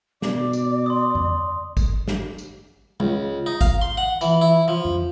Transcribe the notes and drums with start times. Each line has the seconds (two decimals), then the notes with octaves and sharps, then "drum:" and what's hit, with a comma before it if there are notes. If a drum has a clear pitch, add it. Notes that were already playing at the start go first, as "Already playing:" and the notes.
0.22 B2 D5 D6, drum: snare
0.53 drum: tambourine
0.86 C6 D#6
1.15 drum: tom F2
1.77 drum: kick G#1, tambourine
2.08 drum: snare
2.38 drum: tambourine
3.00 C#2, drum: tom G#3
3.46 D#4
3.61 F5, drum: kick G#1, tambourine
3.82 C6
3.97 F#5
4.21 E3, drum: tambourine
4.41 E4
4.68 F3
4.85 drum: tom F2